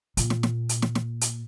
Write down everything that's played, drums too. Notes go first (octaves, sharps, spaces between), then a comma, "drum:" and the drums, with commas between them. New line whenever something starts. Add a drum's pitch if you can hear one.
A#2, drum: hi-hat
drum: snare
drum: snare
drum: hi-hat
drum: snare
drum: snare
drum: hi-hat